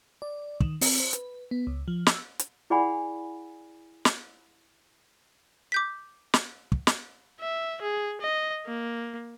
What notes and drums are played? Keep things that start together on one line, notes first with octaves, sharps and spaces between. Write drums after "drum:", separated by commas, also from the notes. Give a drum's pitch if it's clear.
D5
D#3, drum: kick
C4, drum: open hi-hat
C5
B4, drum: hi-hat
B3
C#2
F3
E6, drum: snare
drum: hi-hat
E4 G#4 D5 F#5 G#5 B5
drum: snare
D6 G6 B6
drum: snare
drum: kick
drum: snare
E5
G#4
D#5
A#3